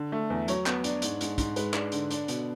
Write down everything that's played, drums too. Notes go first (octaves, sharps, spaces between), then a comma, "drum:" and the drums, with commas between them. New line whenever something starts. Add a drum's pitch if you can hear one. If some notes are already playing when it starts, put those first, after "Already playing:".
Already playing: D3
A3
E2
F#3 C#5, drum: hi-hat
B3, drum: clap
D4, drum: hi-hat
G#2, drum: hi-hat
G#2, drum: hi-hat
G#2, drum: kick, hi-hat
G#3 B4, drum: hi-hat
D4, drum: clap
D3, drum: hi-hat
D4, drum: hi-hat
B2, drum: hi-hat